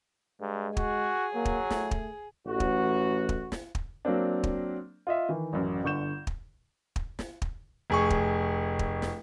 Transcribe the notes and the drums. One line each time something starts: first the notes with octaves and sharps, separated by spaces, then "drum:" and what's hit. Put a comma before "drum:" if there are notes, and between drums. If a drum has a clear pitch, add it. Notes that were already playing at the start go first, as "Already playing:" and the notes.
G2 G#3
F#4 G#4, drum: kick
F#3 A#3
drum: kick
A3, drum: snare
drum: kick
A1 F#4
drum: kick
drum: kick
drum: snare
drum: kick
F#3 A#3 C4 D4
drum: kick
F4 D#5 E5
D#3 E3
A1 F#2
G1 D3 C#6 G6 E7
drum: kick
drum: kick
drum: snare
drum: kick
F1 G#4 C#6
drum: kick
drum: kick
drum: snare